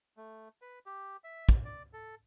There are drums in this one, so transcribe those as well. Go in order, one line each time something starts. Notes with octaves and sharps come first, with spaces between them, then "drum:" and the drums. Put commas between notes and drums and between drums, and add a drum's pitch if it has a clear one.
A3
B4
G4
E5
drum: kick
D5
A4